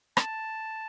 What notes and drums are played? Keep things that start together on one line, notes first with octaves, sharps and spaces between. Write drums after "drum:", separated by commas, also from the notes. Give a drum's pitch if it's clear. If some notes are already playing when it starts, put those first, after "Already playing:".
A5, drum: rim click